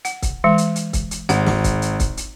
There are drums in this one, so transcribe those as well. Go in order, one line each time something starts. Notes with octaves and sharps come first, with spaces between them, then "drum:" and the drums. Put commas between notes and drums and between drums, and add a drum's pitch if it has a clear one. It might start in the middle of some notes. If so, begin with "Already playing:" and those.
F#5, drum: hi-hat
drum: kick, hi-hat
E3 G#3
drum: hi-hat
drum: hi-hat
drum: kick, hi-hat
drum: hi-hat
G#1 F#5, drum: hi-hat
drum: snare
drum: kick, hi-hat
drum: hi-hat
drum: kick, hi-hat
drum: hi-hat